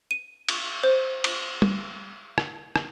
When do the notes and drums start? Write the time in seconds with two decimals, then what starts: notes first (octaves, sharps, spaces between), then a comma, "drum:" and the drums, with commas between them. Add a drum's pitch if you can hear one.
0.11 D#7
0.49 drum: cymbal
0.84 C5
1.24 drum: cymbal
1.62 drum: tom
2.38 drum: rim click
2.76 drum: rim click